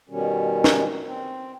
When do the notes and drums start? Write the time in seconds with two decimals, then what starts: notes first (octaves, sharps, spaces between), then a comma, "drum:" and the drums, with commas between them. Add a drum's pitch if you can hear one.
0.09 B2 D#3 G3 C#4
0.64 drum: snare
1.05 C4